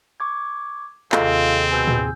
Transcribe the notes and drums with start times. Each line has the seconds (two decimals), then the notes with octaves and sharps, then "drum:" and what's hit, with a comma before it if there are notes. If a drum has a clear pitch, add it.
0.20 C#6 D6 G#6
1.12 D#2 C3 C4 F4 G#4 A4 D#5, drum: clap
1.72 B2 G#5 E6 G6
1.88 drum: tom A2